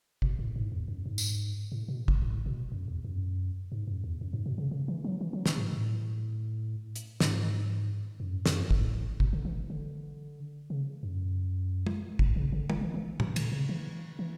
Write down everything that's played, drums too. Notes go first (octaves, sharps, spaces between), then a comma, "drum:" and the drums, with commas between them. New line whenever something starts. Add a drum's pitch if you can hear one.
B2, drum: kick
A2
G#2
E2
F#2
G#2
drum: tambourine
A2
B2
drum: kick
A2
B2
F#2
E2
F#2
G#2
F#2
E2
F#2
G#2
B2
C#3
C#3
E3
F#3
E3
F#3
E3, drum: snare
G#2
A2
drum: hi-hat
G#2, drum: snare
F#2
F#2, drum: snare
A2, drum: kick
B2, drum: kick
D3
E3
D3
C#3
F#2
drum: tom
A2, drum: kick
C#3
D3
D3, drum: tom
E3
E3
E3, drum: tom
D3, drum: cymbal
C#3
E3
E3